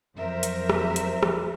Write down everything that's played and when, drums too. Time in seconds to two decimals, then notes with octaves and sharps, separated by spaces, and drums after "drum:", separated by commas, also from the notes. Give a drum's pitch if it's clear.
0.16 F2 F#3 A#4 C5 E5
0.43 drum: hi-hat
0.70 drum: rim click
0.96 drum: hi-hat
1.23 drum: rim click